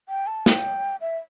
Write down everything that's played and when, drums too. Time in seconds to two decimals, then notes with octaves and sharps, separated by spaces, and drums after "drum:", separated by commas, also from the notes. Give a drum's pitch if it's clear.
0.09 G5
0.27 A5
0.46 G5, drum: snare
1.01 E5